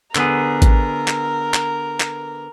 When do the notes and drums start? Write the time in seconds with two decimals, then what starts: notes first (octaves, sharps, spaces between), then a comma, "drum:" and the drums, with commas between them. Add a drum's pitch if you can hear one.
0.16 D3 B3 G#4 A#4, drum: clap
0.62 drum: kick A1, hi-hat
1.08 drum: clap
1.54 drum: clap
2.01 drum: clap